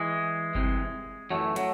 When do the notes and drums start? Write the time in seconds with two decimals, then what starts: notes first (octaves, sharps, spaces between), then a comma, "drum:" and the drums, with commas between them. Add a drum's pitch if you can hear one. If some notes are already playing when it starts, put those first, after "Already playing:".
Already playing: E3 G#3
0.55 C2 C3 E3, drum: kick G1
1.31 F#2 E3 F#3 A3
1.56 F#3 A3, drum: hi-hat